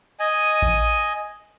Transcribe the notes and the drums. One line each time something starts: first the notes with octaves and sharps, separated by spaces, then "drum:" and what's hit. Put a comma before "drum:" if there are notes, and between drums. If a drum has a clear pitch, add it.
D#5 G#5, drum: cymbal
drum: kick A1